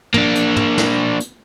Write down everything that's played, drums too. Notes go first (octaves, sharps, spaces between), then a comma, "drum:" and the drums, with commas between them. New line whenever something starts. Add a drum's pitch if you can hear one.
A#3 D4, drum: tom
drum: hi-hat
drum: tom
drum: snare
drum: hi-hat